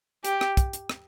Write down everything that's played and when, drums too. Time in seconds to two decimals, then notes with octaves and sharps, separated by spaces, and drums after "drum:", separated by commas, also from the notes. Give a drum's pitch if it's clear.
0.24 G4, drum: hi-hat
0.41 drum: rim click
0.57 drum: kick, hi-hat
0.73 drum: hi-hat
0.89 drum: rim click